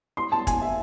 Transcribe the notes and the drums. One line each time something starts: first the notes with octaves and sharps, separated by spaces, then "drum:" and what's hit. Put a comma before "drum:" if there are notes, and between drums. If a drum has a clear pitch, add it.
C6
A5
G#5, drum: kick, hi-hat
E5